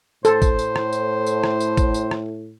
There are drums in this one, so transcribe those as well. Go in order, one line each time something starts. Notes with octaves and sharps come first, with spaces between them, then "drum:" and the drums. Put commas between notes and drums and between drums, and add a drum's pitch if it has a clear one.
A2 A4 C5, drum: tambourine
drum: kick, tambourine
drum: tambourine
drum: rim click
drum: tambourine
drum: tambourine
drum: rim click
drum: tambourine
drum: kick, tambourine
drum: tambourine
drum: rim click